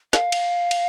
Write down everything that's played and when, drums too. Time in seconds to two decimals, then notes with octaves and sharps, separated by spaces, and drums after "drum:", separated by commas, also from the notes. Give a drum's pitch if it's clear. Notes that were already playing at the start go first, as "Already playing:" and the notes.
0.13 F5, drum: snare
0.32 drum: cymbal
0.71 drum: cymbal